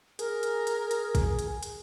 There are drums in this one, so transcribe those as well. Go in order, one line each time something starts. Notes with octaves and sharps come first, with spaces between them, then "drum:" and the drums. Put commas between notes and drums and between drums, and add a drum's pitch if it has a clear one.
G#4 A#4, drum: hi-hat
drum: hi-hat
drum: hi-hat
drum: hi-hat
drum: kick, hi-hat
drum: hi-hat
drum: hi-hat